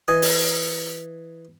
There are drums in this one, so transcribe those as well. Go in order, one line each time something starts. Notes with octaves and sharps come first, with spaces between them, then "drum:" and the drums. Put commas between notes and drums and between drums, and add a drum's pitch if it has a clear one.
E3 D#5 G#5 D#6
drum: open hi-hat